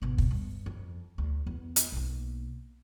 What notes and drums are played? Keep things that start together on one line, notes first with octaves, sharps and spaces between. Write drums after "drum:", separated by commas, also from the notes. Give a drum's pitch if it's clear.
G#1 B2
drum: kick
G2
F2
D2
E2 B3
drum: hi-hat
B1 A#3